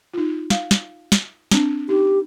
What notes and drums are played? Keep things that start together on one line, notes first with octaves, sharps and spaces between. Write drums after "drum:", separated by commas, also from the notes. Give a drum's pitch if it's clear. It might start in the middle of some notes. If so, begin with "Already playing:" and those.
D#4 F4
F5, drum: snare
drum: snare
drum: snare
C4 D4, drum: snare
D#4 G4